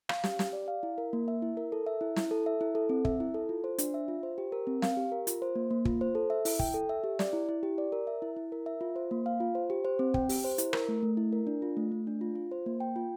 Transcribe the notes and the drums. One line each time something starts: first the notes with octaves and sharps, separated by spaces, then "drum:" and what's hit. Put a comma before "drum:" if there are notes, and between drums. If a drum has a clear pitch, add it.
F5, drum: rim click
G4, drum: snare
G4, drum: snare
D5
F5
E4
A#4
A#3
E5
E4
A#4
A4
E5
E4
E4, drum: snare
A4
E5
E4
A4
C4
E5, drum: kick
E4
A4
F4
C5
D4, drum: hi-hat
E5
F4
C5
G4
A#4
C4
F5, drum: snare
G4
A#4
F4, drum: hi-hat
C5
A#3
A#3
F4, drum: kick
C5
A4
E5
E4, drum: open hi-hat
G5, drum: kick
A4
E5
G4
D5, drum: snare
E4
E4
G4
D5
A#4
E5
E4
E4
A#4
E5
F4
C5
A#3
F5
F4
C5
G4
C5
C4
G5, drum: kick
G4, drum: open hi-hat
C5
E4, drum: hi-hat
A#4, drum: rim click
A3
A3
E4
A#4
D4
F4
A3
A3
D4
F4
F4
C5
A#3
G5
F4